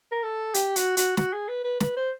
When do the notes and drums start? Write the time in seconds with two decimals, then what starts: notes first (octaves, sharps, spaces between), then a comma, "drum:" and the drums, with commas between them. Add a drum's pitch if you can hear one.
0.11 A#4
0.23 A4
0.54 G4, drum: hi-hat
0.76 F#4, drum: hi-hat
0.97 F#4, drum: hi-hat
1.17 F#4, drum: snare
1.33 G#4
1.48 B4
1.64 B4
1.80 B4, drum: snare
1.96 C5